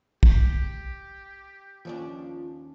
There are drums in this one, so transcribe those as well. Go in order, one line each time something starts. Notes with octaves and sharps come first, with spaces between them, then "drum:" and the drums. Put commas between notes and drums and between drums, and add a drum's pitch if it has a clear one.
G4, drum: kick
D#2 F3 C#4 D4